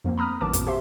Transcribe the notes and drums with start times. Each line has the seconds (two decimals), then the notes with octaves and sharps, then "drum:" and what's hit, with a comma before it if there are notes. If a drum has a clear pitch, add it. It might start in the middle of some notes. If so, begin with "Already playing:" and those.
0.04 F2 F3 A#3 C4
0.18 A#5 B5 D#6 F6
0.41 A1 D#3 F#3 B4 A5 D6
0.53 A1 F2 A#2 F#4, drum: hi-hat
0.67 G4 C5 E5 C6